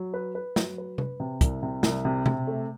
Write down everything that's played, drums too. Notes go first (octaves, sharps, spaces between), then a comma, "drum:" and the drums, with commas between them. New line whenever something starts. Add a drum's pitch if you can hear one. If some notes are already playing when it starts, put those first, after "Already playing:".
Already playing: F#3
B4
B4
F#3, drum: snare
B4
B4, drum: tom C3
C3
C2, drum: kick, hi-hat
C3
C2, drum: snare
C3
C3, drum: tom B2
A3